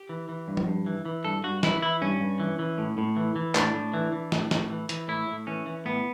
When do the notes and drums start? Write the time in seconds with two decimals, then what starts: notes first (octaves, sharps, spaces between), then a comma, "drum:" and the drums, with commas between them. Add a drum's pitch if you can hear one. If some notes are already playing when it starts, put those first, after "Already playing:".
Already playing: G4
0.09 E3
0.29 E3
0.48 G2
0.57 drum: tom F3
0.67 G2
0.86 E3
1.05 E3
1.25 G2 A4
1.44 G2 F#4
1.63 E3 E4, drum: snare
1.82 E3 E4
2.01 G2 C#4
2.20 G2
2.40 E3
2.59 E3
2.78 A2
2.98 A2
3.17 E3
3.36 E3
3.55 A2 D4, drum: clap
3.74 A2
3.94 E3
4.13 E3
4.32 A2, drum: snare
4.51 A2, drum: snare
4.70 E3
4.89 E3, drum: hi-hat
5.08 A2 E4
5.28 A2
5.47 E3 C#4
5.66 E3
5.85 A2 B3